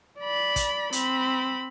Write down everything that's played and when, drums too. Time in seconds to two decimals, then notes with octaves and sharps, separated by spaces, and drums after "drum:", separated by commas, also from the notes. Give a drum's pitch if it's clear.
0.20 D5 B5
0.56 drum: kick, hi-hat
0.93 C4 B5, drum: hi-hat